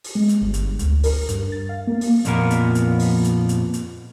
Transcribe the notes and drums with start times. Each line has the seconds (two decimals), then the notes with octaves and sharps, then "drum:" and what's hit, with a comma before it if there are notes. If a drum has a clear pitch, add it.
0.04 drum: open hi-hat
0.15 G#3
0.29 drum: hi-hat
0.41 G1
0.54 drum: hi-hat
0.79 D2, drum: hi-hat
1.04 A#4, drum: open hi-hat
1.29 G2, drum: hi-hat
1.52 A6
1.69 F5
1.87 A#3
2.01 drum: open hi-hat
2.25 F2 A#2 F3 A#3 B3 A#4, drum: hi-hat
2.50 drum: hi-hat
2.75 drum: hi-hat
3.00 drum: open hi-hat
3.24 drum: hi-hat
3.49 drum: hi-hat
3.74 drum: hi-hat